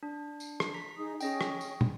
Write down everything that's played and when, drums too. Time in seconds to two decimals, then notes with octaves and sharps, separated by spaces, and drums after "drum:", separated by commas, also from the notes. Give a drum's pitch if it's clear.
0.03 D4
0.40 drum: tambourine
0.60 drum: rim click
0.74 A#5 B6
0.96 D#4 G#4 D#6
1.21 C#4 G#4 D#5 G5, drum: tambourine
1.41 drum: rim click
1.61 drum: tambourine
1.81 drum: tom